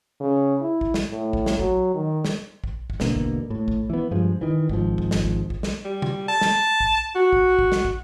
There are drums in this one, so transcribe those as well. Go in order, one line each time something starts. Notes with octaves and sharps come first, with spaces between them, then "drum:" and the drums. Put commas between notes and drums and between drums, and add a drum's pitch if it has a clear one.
C#3
E4
drum: kick
drum: snare
A2
drum: kick
drum: snare
F#3, drum: kick
D#3
drum: snare
drum: kick
drum: kick
E1 B2 D3 A#3, drum: snare
drum: kick
A2
drum: kick
E3 B3
G2 F3 G#3
D#3 E3
G#1 G#2 F3, drum: kick
drum: kick
drum: snare
drum: kick
drum: kick
drum: snare
G3
drum: tom C3
A5
drum: snare
drum: kick
F#4
drum: kick
drum: kick
drum: snare
drum: kick